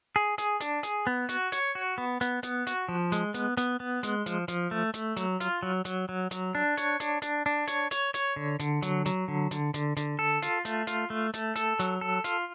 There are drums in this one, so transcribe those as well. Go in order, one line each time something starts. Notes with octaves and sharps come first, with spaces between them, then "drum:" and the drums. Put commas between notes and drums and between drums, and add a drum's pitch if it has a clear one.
G#4
G#4, drum: hi-hat
D4, drum: hi-hat
G#4, drum: hi-hat
B3
F#4, drum: hi-hat
C#5, drum: hi-hat
F#4
B3
B3, drum: hi-hat
B3, drum: hi-hat
F#4, drum: hi-hat
F3
G#3, drum: hi-hat
B3, drum: hi-hat
B3, drum: hi-hat
B3
G#3, drum: hi-hat
F3, drum: hi-hat
F3, drum: hi-hat
A3
A3, drum: hi-hat
F#3, drum: hi-hat
F4, drum: hi-hat
F#3
F#3, drum: hi-hat
F#3
F#3, drum: hi-hat
D4
C#5, drum: hi-hat
D4, drum: hi-hat
D4, drum: hi-hat
D4
C#5, drum: hi-hat
C#5, drum: hi-hat
C#5, drum: hi-hat
D3
D3, drum: hi-hat
F#3, drum: hi-hat
F#3, drum: hi-hat
D3
D3, drum: hi-hat
D3, drum: hi-hat
D3, drum: hi-hat
A4
F4, drum: hi-hat
A3, drum: hi-hat
F4, drum: hi-hat
A3
A3, drum: hi-hat
A4, drum: hi-hat
F#3, drum: hi-hat
A4
F4, drum: hi-hat